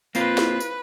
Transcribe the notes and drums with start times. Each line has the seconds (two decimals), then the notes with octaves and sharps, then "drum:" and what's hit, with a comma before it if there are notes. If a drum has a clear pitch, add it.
0.15 A#3 C4 F4 B4, drum: tambourine
0.38 drum: snare E4
0.60 drum: tambourine